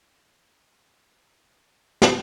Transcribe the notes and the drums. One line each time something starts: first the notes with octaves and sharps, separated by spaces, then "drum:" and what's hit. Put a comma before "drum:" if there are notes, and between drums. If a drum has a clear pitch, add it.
C#3 C#6
C#2
A#5
C#2
C#3 G#5
drum: snare